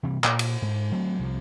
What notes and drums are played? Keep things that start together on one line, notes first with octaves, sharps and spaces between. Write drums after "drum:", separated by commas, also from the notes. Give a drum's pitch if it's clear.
C3 E3 G3
A#2, drum: clap
drum: cymbal
G#2
F#3 A3 C4
C2 C3 F3